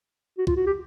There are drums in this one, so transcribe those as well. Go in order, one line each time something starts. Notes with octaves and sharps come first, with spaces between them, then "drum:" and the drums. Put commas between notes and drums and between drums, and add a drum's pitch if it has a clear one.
F#4
F4, drum: kick
F#4
G4